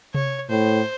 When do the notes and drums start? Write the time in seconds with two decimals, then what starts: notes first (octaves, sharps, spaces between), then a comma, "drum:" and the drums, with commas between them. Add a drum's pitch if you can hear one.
0.15 C#5, drum: tom C3
0.50 A2 C5